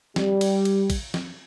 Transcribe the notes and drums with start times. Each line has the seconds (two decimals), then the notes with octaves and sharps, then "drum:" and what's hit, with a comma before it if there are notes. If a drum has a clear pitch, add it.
0.16 G3, drum: snare
0.41 drum: cymbal
0.65 drum: cymbal
0.90 drum: kick, cymbal
1.14 drum: snare